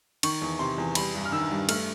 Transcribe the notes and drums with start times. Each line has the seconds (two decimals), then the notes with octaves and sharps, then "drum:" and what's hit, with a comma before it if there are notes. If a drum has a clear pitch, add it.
0.23 D#3 C#6, drum: cymbal
0.42 E2
0.59 C3 C6
0.78 E2
0.95 G3 B5, drum: cymbal
1.15 G2
1.25 F6
1.32 D#3 E6
1.51 G2
1.69 A3 F6, drum: cymbal